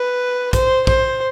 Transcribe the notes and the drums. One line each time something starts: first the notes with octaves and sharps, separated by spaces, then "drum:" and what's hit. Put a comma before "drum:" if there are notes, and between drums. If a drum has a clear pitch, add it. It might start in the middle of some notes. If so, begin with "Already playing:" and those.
Already playing: B4
C5, drum: kick, hi-hat
C5, drum: kick